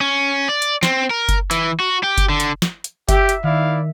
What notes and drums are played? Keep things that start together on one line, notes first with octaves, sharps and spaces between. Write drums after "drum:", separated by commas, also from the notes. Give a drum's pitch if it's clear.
C#4
D5
drum: hi-hat
C4, drum: snare
A#4
drum: kick F#1, hi-hat
E3, drum: hi-hat
F#4
G4
drum: kick F#1, hi-hat
D3
drum: hi-hat
drum: snare
drum: hi-hat
G4 E5, drum: kick F#1, hi-hat
drum: hi-hat
D#3 E4 D5 F5